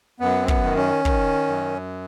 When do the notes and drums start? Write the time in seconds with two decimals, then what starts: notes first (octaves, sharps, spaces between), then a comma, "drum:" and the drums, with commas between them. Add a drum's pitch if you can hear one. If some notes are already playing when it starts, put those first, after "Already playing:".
0.20 F#2 B3
0.42 C4
0.48 B3, drum: kick
0.63 D#3
0.76 C#4
1.05 D#3, drum: kick
1.47 F#2